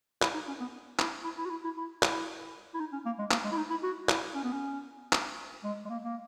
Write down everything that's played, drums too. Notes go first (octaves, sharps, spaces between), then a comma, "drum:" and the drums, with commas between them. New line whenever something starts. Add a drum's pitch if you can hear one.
E4, drum: clap
D#4
C#4
B3
E4, drum: clap
E4
E4
F#4
E4
E4
E4
E4, drum: clap
E4
D#4
C#4
A#3
G#3
A#3, drum: clap
G#3
E4
D#4
E4
F#4
E4, drum: clap
C#4
B3
C#4
drum: clap
G#3
G#3
A#3
A#3